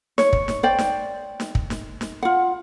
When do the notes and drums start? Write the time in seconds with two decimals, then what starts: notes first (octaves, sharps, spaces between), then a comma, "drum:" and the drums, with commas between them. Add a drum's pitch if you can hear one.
0.18 C#5, drum: snare
0.33 drum: kick
0.48 drum: snare
0.63 C5 D5 G5
0.78 drum: snare
1.40 drum: snare
1.55 drum: kick
1.70 drum: snare
2.01 drum: snare
2.23 F4 F#5